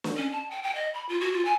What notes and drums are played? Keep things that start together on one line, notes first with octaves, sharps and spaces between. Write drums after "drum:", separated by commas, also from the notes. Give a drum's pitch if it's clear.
drum: snare
C#4
A5
G5
G5
D#5
B5
F4
F#4
F4
G#5